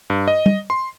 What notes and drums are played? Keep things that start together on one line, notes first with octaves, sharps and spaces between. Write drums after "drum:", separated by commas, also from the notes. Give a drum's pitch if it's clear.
G2
D#5
drum: tom
C6